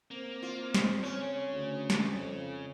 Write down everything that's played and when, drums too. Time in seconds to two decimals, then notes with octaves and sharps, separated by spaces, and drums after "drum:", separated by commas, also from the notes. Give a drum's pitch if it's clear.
0.11 A#3 C4
0.42 F4
0.74 drum: snare
1.03 C#3 C#4 G#4
1.51 D2
1.90 drum: snare
2.12 F2